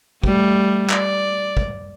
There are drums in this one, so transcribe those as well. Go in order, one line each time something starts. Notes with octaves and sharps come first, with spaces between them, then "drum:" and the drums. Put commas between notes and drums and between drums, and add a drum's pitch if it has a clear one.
G3 A3, drum: kick
D5, drum: clap
drum: kick